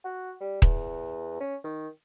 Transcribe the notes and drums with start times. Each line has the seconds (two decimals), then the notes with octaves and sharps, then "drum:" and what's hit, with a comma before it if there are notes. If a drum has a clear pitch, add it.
0.04 F#4
0.41 G3
0.62 E2, drum: kick D#1
1.40 C#4
1.64 D#3